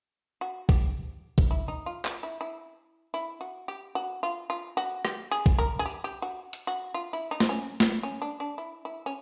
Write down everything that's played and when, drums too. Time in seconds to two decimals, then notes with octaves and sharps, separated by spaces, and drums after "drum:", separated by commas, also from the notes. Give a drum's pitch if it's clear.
0.41 F#4
0.69 G4, drum: kick
1.38 drum: kick
1.51 E4
1.68 D#4
1.86 F4
2.05 F4, drum: clap
2.23 E4
2.41 E4
3.14 E4
3.41 F#4
3.68 G4
3.95 F#4
4.23 F4
4.50 F4
4.77 F#4
5.05 G4, drum: rim click
5.31 G#4
5.46 drum: kick
5.59 A#4
5.79 G#4
5.86 G4
6.04 G4
6.22 F#4
6.53 drum: hi-hat
6.67 F#4
6.94 F4
7.13 E4
7.31 D#4
7.40 C4, drum: snare
7.49 C#4
7.80 drum: snare
8.03 C#4
8.22 D4
8.40 D4
8.58 E4
8.85 E4
9.06 C#4